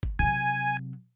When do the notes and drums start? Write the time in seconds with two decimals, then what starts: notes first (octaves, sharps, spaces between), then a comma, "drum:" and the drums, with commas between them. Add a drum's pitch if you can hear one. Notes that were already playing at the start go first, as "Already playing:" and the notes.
0.03 drum: kick
0.19 C3 F#3 G#5